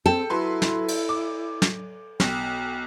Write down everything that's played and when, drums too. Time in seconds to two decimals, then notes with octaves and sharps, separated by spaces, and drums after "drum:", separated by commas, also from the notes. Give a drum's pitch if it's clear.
0.06 C4 A4 G5
0.30 F#3 E4 B4 C6
0.62 drum: snare
0.88 drum: cymbal
1.09 D6
1.62 drum: snare
2.20 B1 G5, drum: snare